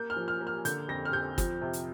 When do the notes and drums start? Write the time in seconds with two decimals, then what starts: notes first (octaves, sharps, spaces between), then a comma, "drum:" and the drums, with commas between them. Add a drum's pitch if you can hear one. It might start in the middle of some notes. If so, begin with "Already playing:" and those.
Already playing: A#3 G6
0.10 F6
0.16 F3
0.28 F6
0.41 A#3
0.47 F6
0.65 D3 G6, drum: hi-hat
0.88 F2 A#6
1.05 F6
1.13 F2 G6
1.38 F3, drum: kick, hi-hat
1.62 C3
1.73 drum: hi-hat